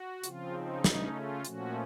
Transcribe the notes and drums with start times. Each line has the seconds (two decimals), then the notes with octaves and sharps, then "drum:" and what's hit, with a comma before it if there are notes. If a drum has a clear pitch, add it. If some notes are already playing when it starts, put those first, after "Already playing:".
Already playing: F#4
0.24 C#3 F3 C4 F4, drum: hi-hat
0.54 D#4
0.84 C#3 A3 C#4, drum: snare
1.15 F4
1.45 A#2 F3 A3 C#4 F#4, drum: hi-hat